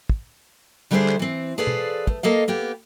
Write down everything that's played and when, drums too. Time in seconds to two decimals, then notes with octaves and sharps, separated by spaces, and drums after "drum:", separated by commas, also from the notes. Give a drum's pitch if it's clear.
0.09 drum: kick
0.91 D3 G3 A3 D4 G#4 C5
1.08 drum: clap
1.19 E3 C4
1.58 G#4 A4 B4 C5 D5 F5
1.67 drum: tom B2
2.07 A3, drum: kick
2.23 A#3 A4 D#5 F5
2.48 A#3 B3 G4